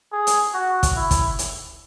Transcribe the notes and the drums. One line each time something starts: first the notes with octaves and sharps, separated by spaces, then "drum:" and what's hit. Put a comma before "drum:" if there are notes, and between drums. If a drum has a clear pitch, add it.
G#4
drum: hi-hat
F#4
drum: kick, hi-hat
E4
drum: kick, hi-hat
drum: hi-hat